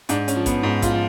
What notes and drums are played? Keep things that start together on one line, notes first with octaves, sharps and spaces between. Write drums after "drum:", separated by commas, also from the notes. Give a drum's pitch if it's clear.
G#2 D4, drum: hi-hat
C#4, drum: hi-hat
F3
B3, drum: kick A1, hi-hat
G#2
F4, drum: kick A1, hi-hat
F3